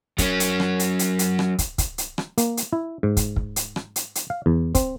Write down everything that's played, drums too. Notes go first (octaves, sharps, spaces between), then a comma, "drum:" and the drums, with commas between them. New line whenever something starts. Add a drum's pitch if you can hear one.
F#3 C#4, drum: kick, hi-hat
drum: hi-hat
drum: rim click
drum: hi-hat
drum: hi-hat
drum: hi-hat
drum: rim click
drum: kick, hi-hat
drum: kick, hi-hat
drum: hi-hat
drum: rim click
A#3, drum: hi-hat
drum: hi-hat
E4
G#2
drum: kick, hi-hat
drum: kick
drum: hi-hat
drum: rim click
drum: hi-hat
drum: hi-hat
F5
E2
C4, drum: kick, hi-hat